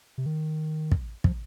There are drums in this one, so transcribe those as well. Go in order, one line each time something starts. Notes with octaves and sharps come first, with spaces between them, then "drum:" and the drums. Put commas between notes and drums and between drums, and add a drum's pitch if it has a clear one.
C3
D#3
drum: kick
F3, drum: kick